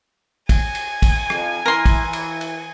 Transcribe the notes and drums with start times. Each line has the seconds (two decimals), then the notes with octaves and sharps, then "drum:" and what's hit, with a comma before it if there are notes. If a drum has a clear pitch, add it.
0.49 G#5, drum: kick, cymbal
0.75 drum: cymbal
1.02 drum: kick, cymbal
1.30 F2, drum: rim click
1.66 E3 A#4 C6
1.85 drum: kick, cymbal
2.13 drum: cymbal
2.41 drum: cymbal